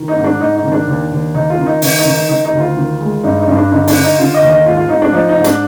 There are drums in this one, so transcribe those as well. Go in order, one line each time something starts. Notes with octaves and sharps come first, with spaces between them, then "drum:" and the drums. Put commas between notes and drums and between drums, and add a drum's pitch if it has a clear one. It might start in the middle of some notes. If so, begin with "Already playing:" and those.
Already playing: D#3
D#4
G#2
D4
G#2 D#4
D#4
D#3
D4
D#2
D#2
D#2 D#4
F4
D#3
D#4
D#3 D#4, drum: open hi-hat
D#4
D#3
D#4
D#3 D#4
D#4
D2
F4
D#3
G#3
G2 D#4
D#4
G2
D4
D3 D#4
D4, drum: open hi-hat
D3
D#4
D3 F4
D#5
D#2
D#5
G#2 F4
F4
G#2 D#4
D4
F3 D#4
D#4
G#2
D4, drum: hi-hat